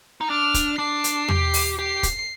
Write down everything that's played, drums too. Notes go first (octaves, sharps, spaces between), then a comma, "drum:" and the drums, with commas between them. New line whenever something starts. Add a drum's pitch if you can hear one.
D#4
D4 F6
drum: kick, hi-hat
D4 C7
drum: hi-hat
G4, drum: tom E2
drum: open hi-hat
G4 C7
drum: kick, hi-hat